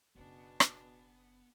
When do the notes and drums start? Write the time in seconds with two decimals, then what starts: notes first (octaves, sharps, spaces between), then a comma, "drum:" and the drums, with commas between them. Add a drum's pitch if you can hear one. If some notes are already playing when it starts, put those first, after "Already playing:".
0.15 F#1 B2 B3 C#4 D4 G#4
0.60 drum: rim click